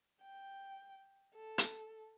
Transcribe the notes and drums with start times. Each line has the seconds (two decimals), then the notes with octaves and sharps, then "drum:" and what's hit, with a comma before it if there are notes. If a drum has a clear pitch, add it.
0.21 G5
1.35 A4
1.58 drum: hi-hat